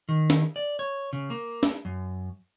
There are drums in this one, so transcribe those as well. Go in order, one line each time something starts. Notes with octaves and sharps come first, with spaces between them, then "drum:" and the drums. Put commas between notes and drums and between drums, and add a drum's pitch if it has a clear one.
D#3
drum: snare
D5
C#5
C#3
A#3
drum: snare
F#2